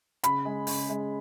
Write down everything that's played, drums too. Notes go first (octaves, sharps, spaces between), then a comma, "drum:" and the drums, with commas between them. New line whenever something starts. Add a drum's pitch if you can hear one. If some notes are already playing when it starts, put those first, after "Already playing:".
C#3 B5, drum: hi-hat
G#3
C#3, drum: open hi-hat
G#3